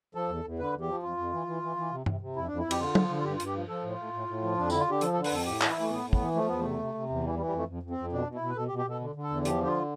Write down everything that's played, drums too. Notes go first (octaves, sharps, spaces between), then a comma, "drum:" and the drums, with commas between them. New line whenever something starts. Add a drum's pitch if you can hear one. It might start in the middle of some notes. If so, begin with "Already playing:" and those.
F3 A4
E2
E2
D3 B4
E2
G4
F3
F2 F4
F2
E3
E3
E3
E3
C3
C3, drum: tom G2
C3
F2 E4
F2 D4
E4
F2
G4, drum: cymbal
D3 F4
F3, drum: tom
D3
F4
G2 G4
F4
G2, drum: hi-hat
G4
F3
F3 A4
A2
F4
A2
A2
A2
F3
F2 D4
D3 E4, drum: tambourine
F4
D3 G4
F3 A4, drum: hi-hat
A4
D3
B4, drum: open hi-hat
F2 A4
A2 G4
E3, drum: clap
E4
E3 A3
A2 B3
A2
B3, drum: kick
E3
F3 A3
E2 B3
C3 A3
C3
C3
E2
E3 G3
G3
E3
G3
F2 A3
F2
F2
C4
F2
B2 D4
B2
E4
B2
B4
B2 A4
G4
B2
G4
B2 A4
D3
D3
A4
E2
F3 G4, drum: hi-hat
D3 G4
F4